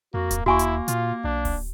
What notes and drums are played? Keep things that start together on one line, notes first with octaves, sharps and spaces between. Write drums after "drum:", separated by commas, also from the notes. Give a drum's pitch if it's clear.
F2 A#3 F#4
drum: kick D1, hi-hat
D#2 A#3 E4 F#4 G#5 C#6
drum: hi-hat
A#2 F4, drum: hi-hat
B1 D4
drum: kick D1, open hi-hat